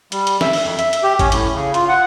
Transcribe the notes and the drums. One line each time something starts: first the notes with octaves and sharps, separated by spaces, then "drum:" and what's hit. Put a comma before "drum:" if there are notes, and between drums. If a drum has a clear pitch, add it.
G3, drum: hi-hat
drum: hi-hat
E5, drum: snare
drum: open hi-hat
F2
E5, drum: hi-hat
drum: hi-hat
G4
C#4, drum: kick G#1, hi-hat
A2, drum: hi-hat
C#3
F4, drum: hi-hat
F#5